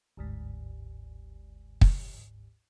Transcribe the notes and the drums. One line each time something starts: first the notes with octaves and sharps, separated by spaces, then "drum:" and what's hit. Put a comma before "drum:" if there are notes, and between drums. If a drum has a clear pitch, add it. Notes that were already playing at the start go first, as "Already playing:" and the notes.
G1 D2 G#2
drum: kick